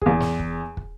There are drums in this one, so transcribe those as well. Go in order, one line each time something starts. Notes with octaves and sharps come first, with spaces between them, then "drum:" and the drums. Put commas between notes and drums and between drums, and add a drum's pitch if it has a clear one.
E2 G#4, drum: kick
drum: snare
drum: kick
drum: kick